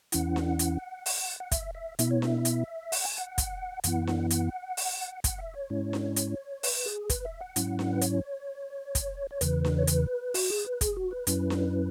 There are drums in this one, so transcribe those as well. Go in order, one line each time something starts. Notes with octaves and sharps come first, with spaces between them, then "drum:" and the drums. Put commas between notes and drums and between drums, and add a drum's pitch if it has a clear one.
E2 E3 C#4 E4 F#5, drum: hi-hat
drum: snare D4
drum: hi-hat
drum: open hi-hat
F#5
E5, drum: kick, hi-hat
E5
B2 B3 E4 E5, drum: hi-hat
C#5
E5, drum: snare D4
drum: hi-hat
F#5, drum: open hi-hat
G#5
F#5
drum: kick, hi-hat
F#2 E3 B3 E4 F#5, drum: hi-hat
drum: snare D4
F#5, drum: hi-hat
drum: open hi-hat
F#5, drum: kick, hi-hat
E5
C#5
G#2 G#3 C#4 E4
drum: snare D4
drum: hi-hat
B4, drum: open hi-hat
G#4
B4, drum: kick, hi-hat
E5
F#5
G#2 F#3 C#4 E4, drum: hi-hat
drum: snare D4
B4
C#5, drum: hi-hat
drum: kick, hi-hat
C#5
E2 C#3 E3 B4, drum: hi-hat
drum: snare D4
C#5
B4, drum: hi-hat
F#4, drum: open hi-hat
G#4
B4
G#4, drum: kick, hi-hat
F#4
B4
F#2 F#3 C#4 E4, drum: hi-hat
drum: snare D4